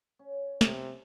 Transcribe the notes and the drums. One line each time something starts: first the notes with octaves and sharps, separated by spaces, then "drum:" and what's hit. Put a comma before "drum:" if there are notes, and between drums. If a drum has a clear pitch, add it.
C#4
C3, drum: snare